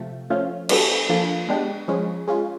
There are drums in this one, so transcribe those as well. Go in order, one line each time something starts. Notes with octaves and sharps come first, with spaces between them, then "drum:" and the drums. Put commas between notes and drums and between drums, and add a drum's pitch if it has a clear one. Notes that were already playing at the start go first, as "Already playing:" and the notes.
Already playing: C3 F3 A3
F3 A3 C#4 F4
G3 B3 D4 F#4 A4, drum: cymbal
F3 A#3 D4 F4 A4
G#3 B3 D4 G4
F3 G#3 C#4
G#3 C#4 F4